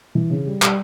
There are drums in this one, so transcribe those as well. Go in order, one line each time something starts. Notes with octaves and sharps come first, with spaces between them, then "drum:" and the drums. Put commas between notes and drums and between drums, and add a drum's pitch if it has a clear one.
E3
C#3
G3
G3, drum: clap